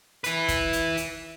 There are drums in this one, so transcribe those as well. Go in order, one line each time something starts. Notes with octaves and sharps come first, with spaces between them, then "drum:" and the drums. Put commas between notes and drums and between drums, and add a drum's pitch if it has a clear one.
E4 B4, drum: hi-hat
drum: kick, hi-hat
drum: hi-hat
drum: hi-hat